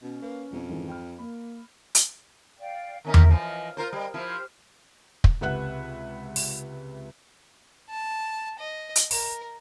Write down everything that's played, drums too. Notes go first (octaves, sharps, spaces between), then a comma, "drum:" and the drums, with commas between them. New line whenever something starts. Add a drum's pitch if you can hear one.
B2 C#4
A#3 B4
F2 B2
G#1 E3 G#3
G5 B5 F6
A#3 B5
drum: hi-hat
D5 F5 G5
D#3 C#4 D#4 A#4 E5 A#5
drum: tom E2
E3 F3 D#5
F4 A#4 C5
G3 D#5
F3 E4 G4 C5 F6
drum: kick
C#2 C3 B4 E5 F#5 F#6
drum: open hi-hat
A5
D#5
drum: hi-hat
A#4, drum: open hi-hat